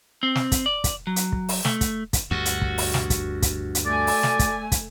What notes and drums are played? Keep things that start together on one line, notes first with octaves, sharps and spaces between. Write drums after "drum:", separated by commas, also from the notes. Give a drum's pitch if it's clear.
C4
drum: snare
drum: kick, hi-hat
D5
drum: kick, hi-hat
F#3
drum: hi-hat
drum: kick
drum: open hi-hat
A3, drum: snare
drum: kick, hi-hat
drum: kick, hi-hat
D2 G2 F#4
drum: hi-hat
drum: kick
drum: open hi-hat
drum: snare
drum: kick, hi-hat
drum: kick, hi-hat
drum: hi-hat
A3 D5 G#5
drum: open hi-hat
drum: snare
drum: kick, hi-hat
drum: kick, hi-hat